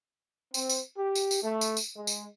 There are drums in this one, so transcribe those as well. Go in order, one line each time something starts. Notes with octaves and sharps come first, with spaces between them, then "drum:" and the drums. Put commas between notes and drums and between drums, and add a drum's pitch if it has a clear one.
C4, drum: tambourine
drum: tambourine
G4
drum: tambourine
drum: tambourine
A3
drum: tambourine
drum: tambourine
G#3
drum: tambourine